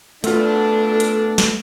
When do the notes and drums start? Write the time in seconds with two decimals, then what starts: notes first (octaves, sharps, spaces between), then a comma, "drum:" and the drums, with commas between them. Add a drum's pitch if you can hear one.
0.24 D2 A3 B3 D4 F4 A4, drum: hi-hat
1.00 drum: hi-hat
1.38 drum: snare